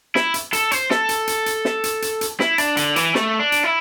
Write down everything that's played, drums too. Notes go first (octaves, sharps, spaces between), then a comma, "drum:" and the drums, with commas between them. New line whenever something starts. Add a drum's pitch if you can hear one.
E4, drum: snare
drum: hi-hat
A4, drum: hi-hat
C5, drum: hi-hat
A4, drum: snare
drum: hi-hat
drum: hi-hat
drum: hi-hat
drum: snare
drum: hi-hat
drum: hi-hat
drum: hi-hat
E4, drum: snare
D4, drum: hi-hat
D3, drum: hi-hat
E3, drum: hi-hat
A3, drum: snare
D4
drum: hi-hat
E4